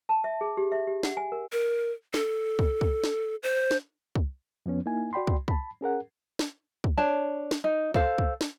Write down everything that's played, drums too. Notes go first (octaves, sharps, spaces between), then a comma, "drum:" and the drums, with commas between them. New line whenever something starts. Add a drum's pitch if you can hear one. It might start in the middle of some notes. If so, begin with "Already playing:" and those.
A5
E5
G#4
G4
E5
G4
F#5, drum: snare
G#5
A#4
A#4
A4, drum: snare
drum: kick
drum: kick
drum: snare
C5
drum: snare
drum: kick
F2 F3 B3 C#4
A#3 D#4 E4 G#5
F#4 D5 G5 B5 C6
drum: kick
A5 B5, drum: kick
C#4 G#4 A#4 F#5
drum: snare
drum: kick
D4 C#5 A5
drum: snare
D#4
A4 C5 F5, drum: kick
drum: kick
drum: snare